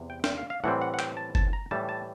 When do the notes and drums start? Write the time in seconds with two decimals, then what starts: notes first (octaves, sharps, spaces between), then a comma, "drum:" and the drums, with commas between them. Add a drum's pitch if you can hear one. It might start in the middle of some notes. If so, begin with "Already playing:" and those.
Already playing: E2 C3
0.10 G5
0.24 G5, drum: snare
0.38 F5
0.50 F5
0.64 A2 E3 G3 C4 F#5
0.82 F#5
0.94 F#5
0.99 G5, drum: clap
1.17 A5
1.35 A5, drum: kick F#1
1.53 A#5
1.71 A2 E3 G3 A5
1.89 A5